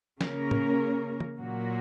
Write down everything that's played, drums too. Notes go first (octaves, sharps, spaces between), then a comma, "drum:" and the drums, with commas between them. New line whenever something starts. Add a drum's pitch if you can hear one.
C#3 A#3 C#4 A#4, drum: snare
drum: tom
drum: tom
A#2 F#3 A#3 F#4